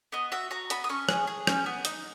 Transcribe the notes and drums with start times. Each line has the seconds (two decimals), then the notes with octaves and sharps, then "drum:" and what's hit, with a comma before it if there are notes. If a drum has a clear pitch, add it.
0.12 B3 D#5
0.32 F#4 E5
0.51 F#4 A#5
0.70 B3 B5, drum: hi-hat
0.84 D#6
0.89 C#4 C#6
1.09 G#4, drum: rim click
1.27 G#4
1.47 C#4, drum: rim click
1.66 B3
1.85 D#4, drum: hi-hat